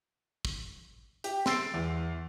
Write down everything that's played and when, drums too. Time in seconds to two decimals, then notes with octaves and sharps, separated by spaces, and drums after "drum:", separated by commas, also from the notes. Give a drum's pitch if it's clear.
0.45 drum: kick
1.24 G4, drum: hi-hat
1.46 C6 E6 A6 C7 D7, drum: snare
1.74 E2